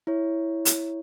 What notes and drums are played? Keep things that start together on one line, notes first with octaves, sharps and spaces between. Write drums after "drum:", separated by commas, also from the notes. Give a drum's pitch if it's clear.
E4 C#5
drum: hi-hat